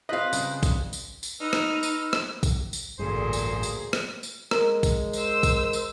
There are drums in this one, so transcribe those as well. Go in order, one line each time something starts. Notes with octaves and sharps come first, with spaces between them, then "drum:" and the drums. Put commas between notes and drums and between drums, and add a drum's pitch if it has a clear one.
C4 F4 B4 D#5 F5
C#3 G3 D4, drum: tambourine
drum: kick, tambourine
drum: tambourine
drum: tambourine
D#4 B4 E6 F6
drum: rim click
drum: tambourine
drum: rim click
drum: kick, tambourine
drum: tambourine
A1 D2 G2 A#2 A#3 G#4 C5
drum: tambourine
drum: tambourine
drum: rim click
drum: tambourine
G#3 A#4, drum: rim click
drum: kick, tambourine
C5 E6, drum: tambourine
drum: kick, tambourine
drum: tambourine